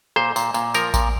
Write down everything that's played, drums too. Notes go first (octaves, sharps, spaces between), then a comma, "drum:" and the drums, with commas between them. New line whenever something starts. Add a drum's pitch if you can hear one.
A#2 C5, drum: rim click
A#2, drum: tambourine
A#2, drum: tambourine
F3 A#4, drum: tambourine
A#2, drum: kick A1, tambourine